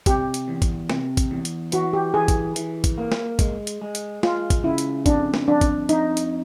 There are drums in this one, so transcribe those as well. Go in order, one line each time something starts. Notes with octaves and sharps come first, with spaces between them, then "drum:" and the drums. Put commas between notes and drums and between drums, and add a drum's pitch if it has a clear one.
C3 G4, drum: kick, hi-hat
drum: hi-hat
E2
drum: kick, hi-hat
C3, drum: snare
drum: kick, hi-hat
E2
drum: hi-hat
E3 F#4, drum: hi-hat
G4
E3 G#4
drum: kick, hi-hat
E3, drum: hi-hat
drum: kick, hi-hat
A#3
drum: snare
G#3, drum: kick, hi-hat
drum: hi-hat
G#3
drum: hi-hat
G#3 F4, drum: snare
drum: kick, hi-hat
C#3 E4
drum: hi-hat
F2 D4, drum: kick, hi-hat
drum: snare
F2 D4
drum: kick, hi-hat
F2 D#4, drum: hi-hat
drum: hi-hat